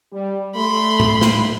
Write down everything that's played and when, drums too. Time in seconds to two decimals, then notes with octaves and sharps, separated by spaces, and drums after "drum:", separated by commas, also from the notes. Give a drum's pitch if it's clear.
0.13 G3
0.55 A3 B5 C6
1.00 drum: tom A2
1.21 drum: snare